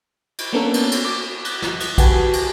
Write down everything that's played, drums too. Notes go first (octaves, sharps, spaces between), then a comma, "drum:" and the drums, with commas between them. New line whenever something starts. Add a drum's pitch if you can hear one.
drum: cymbal
A#3 B3 C#4 D4 A4 A#4
drum: cymbal
drum: cymbal
D6
drum: cymbal
drum: snare
drum: cymbal
F#4 G4 B4 G#5 A5, drum: kick A#1, cymbal
drum: cymbal